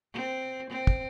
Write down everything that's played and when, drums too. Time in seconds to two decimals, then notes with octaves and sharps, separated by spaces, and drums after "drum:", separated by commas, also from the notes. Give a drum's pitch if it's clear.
0.13 C4
0.70 C4
0.87 drum: kick